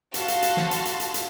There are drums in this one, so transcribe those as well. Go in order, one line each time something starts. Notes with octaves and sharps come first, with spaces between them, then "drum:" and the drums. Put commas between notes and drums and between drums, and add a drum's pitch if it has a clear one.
F#4 F5 A5 C6, drum: hi-hat
drum: hi-hat
drum: hi-hat
drum: snare
drum: hi-hat
drum: hi-hat
drum: hi-hat
drum: hi-hat